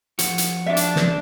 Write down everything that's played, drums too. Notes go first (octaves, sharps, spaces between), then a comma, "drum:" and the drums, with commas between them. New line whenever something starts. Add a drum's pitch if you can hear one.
F3 F#4, drum: hi-hat
drum: hi-hat
D4 E5
drum: hi-hat
drum: snare